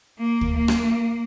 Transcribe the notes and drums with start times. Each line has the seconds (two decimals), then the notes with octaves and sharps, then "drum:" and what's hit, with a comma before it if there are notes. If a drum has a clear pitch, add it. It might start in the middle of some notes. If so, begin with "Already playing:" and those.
0.19 A#3
0.41 drum: kick
0.55 A#3
0.68 drum: rim click